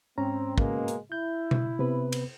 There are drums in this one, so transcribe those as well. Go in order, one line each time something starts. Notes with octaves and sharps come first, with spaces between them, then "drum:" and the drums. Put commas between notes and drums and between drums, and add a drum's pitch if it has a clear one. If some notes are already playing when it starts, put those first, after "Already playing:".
G#2 C4 C#4 A#5
B2 G#3 A#3, drum: kick
drum: hi-hat
E4 G6
drum: tom B2
C3 B3 B4
drum: cymbal